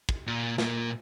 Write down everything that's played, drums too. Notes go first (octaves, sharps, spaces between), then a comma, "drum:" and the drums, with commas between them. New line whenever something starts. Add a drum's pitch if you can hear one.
drum: kick
A#2
A#2, drum: snare